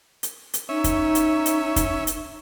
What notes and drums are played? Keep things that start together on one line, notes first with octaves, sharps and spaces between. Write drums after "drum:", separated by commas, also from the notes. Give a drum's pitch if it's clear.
drum: hi-hat
drum: hi-hat
C#4 D#4 E5
drum: kick, hi-hat
drum: hi-hat
drum: hi-hat
drum: kick, hi-hat
drum: hi-hat